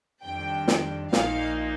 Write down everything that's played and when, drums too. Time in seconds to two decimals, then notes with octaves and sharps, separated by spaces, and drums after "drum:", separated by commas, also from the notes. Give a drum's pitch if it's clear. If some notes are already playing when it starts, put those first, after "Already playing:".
0.23 F2 D#3 G3 D4 G5
0.68 drum: snare
1.13 A#1 A#2 F3 A#3 D#4 F5, drum: snare